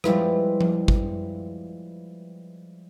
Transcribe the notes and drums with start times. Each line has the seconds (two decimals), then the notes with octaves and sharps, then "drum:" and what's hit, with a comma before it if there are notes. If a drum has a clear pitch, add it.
0.04 F3 G3 G#3 E4 F4 B4, drum: rim click
0.61 drum: tom F3
0.88 drum: kick G#1